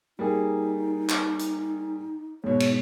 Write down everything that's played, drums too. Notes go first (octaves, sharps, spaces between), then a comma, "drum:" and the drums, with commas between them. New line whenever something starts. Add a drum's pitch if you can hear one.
G3 A#3 D#4 G#4
drum: clap
drum: hi-hat
G#2 B2 C#5
drum: cymbal